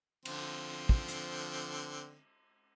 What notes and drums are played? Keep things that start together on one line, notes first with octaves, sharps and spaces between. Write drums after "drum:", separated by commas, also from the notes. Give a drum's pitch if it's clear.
D3 F3 C4, drum: cymbal
drum: kick
drum: hi-hat